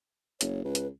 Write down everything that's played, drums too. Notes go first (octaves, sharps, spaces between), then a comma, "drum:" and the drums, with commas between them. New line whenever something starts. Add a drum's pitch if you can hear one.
F#1 C#5, drum: hi-hat
C#2 B4
drum: hi-hat